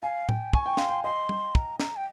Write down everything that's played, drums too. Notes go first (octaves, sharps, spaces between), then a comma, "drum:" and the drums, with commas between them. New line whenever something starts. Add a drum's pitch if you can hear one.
F5 G#5
G5, drum: tom A2
G#5 C#6, drum: kick
G5
F5 C6, drum: snare
G5
D#5 C6
drum: tom
A#5, drum: kick
A#5, drum: snare
G5